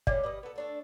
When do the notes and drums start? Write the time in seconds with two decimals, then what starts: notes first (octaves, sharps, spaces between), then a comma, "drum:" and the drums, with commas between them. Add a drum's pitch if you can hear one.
0.07 G3 G#3 C#4 D5, drum: kick
0.24 G3 B4 D#5
0.43 B3 A4
0.56 A3 D4 A4